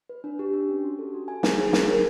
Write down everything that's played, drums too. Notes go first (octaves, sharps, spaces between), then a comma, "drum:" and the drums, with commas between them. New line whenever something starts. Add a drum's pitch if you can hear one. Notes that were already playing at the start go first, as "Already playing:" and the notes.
B4
D4
G4
D4
C#4
F#4
A4
F#4
G#5
G#4, drum: snare
G#4
G#5, drum: snare
A#4